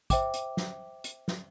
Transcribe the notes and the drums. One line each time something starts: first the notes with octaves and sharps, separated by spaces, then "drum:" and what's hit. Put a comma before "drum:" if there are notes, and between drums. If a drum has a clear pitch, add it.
C5 E5 G5 D6, drum: kick, hi-hat
drum: hi-hat
drum: snare
drum: hi-hat
drum: snare